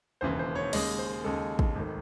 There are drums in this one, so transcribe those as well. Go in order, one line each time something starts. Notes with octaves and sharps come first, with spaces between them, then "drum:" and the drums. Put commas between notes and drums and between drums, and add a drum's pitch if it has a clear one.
E1 D#2 C#3 E3 C5
C5
C#5
D#2 C#3 G#3 D#5, drum: cymbal
C5
D#2 C#3 G#3 A4
drum: kick
G#1 D#3 A3